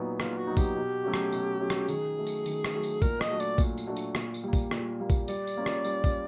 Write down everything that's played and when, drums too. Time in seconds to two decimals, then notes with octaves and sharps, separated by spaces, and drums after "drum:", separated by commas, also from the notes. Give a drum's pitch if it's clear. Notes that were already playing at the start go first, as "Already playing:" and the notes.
Already playing: A#2 F#3 B3 D#4
0.20 A#2 F4, drum: rim click
0.38 F#4
0.47 F#3 B3 D#4
0.57 G4, drum: kick, tambourine
0.76 B2
1.04 F#3 A3 C#4 F#4
1.14 drum: rim click
1.32 B2, drum: tambourine
1.60 F#3 A3 C#4 F#4
1.70 drum: rim click
1.89 D#3 G#4, drum: tambourine
2.17 F#3 A3
2.27 drum: tambourine
2.46 D#3, drum: tambourine
2.64 drum: rim click
2.74 F#3 A3
2.83 drum: tambourine
3.02 A#2 A#4, drum: kick, tambourine
3.21 D#5, drum: rim click
3.30 F#3 A3 D4 F#4
3.40 D5, drum: tambourine
3.58 A#2, drum: kick, tambourine
3.78 drum: tambourine
3.87 F#3 A3 D4 F#4
3.96 drum: tambourine
4.15 A#2, drum: rim click
4.34 drum: tambourine
4.43 G3 A#3
4.53 drum: kick, tambourine
4.71 A#2, drum: rim click
5.00 G3 A#3
5.10 drum: kick, tambourine
5.28 G3 D5, drum: tambourine
5.47 drum: tambourine
5.57 A#3 C#4 F4
5.66 drum: rim click
5.84 G3, drum: tambourine
6.04 drum: kick, tambourine